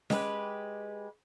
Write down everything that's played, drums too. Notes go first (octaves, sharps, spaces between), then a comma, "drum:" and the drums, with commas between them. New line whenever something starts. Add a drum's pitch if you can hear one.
G#3 G4 G#4 B4, drum: snare C#4